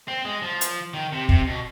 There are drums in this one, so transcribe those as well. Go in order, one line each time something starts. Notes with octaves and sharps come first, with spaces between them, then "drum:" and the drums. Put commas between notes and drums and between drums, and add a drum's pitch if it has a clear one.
C4
G#3
F3
drum: hi-hat
D#3
C3
C3, drum: kick
B2